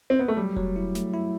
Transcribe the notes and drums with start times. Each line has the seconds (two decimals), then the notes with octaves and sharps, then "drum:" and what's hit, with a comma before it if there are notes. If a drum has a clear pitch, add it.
0.10 C4
0.19 B3
0.28 A3
0.37 F#3 G3
0.56 F#3, drum: kick E1
0.76 E4
0.95 A3, drum: snare
1.14 E4